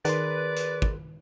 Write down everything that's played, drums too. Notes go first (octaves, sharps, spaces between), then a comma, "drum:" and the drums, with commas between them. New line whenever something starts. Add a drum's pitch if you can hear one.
D#3 G#4 A#4 B4 D5 C6, drum: hi-hat
drum: hi-hat
drum: kick